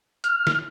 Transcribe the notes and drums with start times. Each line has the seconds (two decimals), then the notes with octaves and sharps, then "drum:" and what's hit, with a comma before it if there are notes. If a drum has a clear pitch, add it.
0.24 F6, drum: hi-hat
0.47 drum: snare